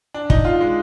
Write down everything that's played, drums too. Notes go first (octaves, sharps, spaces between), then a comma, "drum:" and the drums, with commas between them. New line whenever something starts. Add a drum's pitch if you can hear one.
D4
D#4, drum: kick
F4
G#3